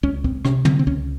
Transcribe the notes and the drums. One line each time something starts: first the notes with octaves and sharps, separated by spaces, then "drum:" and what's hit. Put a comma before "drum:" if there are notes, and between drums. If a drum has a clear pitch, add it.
C#2 C#4
C4, drum: kick C#2
C3 C#4, drum: rim click
C4, drum: tom
C4
C#2 C#4